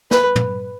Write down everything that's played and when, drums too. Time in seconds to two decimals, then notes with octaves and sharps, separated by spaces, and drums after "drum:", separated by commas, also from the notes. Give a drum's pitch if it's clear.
0.11 B4, drum: snare
0.36 drum: tom